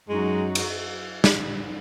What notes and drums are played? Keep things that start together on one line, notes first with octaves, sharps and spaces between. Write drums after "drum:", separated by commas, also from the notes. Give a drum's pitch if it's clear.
F#2 F#3 G#3 D#4 F#4
drum: cymbal
drum: snare